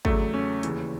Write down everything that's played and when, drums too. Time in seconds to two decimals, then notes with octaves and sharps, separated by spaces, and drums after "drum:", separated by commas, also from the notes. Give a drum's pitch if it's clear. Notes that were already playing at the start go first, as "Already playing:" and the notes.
0.05 E2 C#3 F#3 A3, drum: kick G#1
0.34 C#4
0.63 D#2 C#3 E3, drum: hi-hat